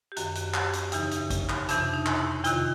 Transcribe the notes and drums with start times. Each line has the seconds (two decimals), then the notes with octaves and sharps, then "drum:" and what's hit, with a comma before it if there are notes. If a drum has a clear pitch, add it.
0.12 G4
0.17 F#2 D#3 F#4, drum: hi-hat
0.35 drum: hi-hat
0.54 G4, drum: clap
0.73 drum: hi-hat
0.92 E2 C#3 E3 D#4, drum: hi-hat
1.11 drum: hi-hat
1.30 drum: kick A1, hi-hat
1.49 drum: clap
1.69 F2 C3 E3 D4, drum: hi-hat
1.94 D#4
2.06 drum: clap
2.19 E4
2.44 E2 C3 D#3 F4, drum: hi-hat